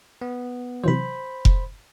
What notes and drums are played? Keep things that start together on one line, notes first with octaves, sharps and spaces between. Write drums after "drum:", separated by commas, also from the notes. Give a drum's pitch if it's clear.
B3
C3 E3 F#3 C5 B5
drum: kick F1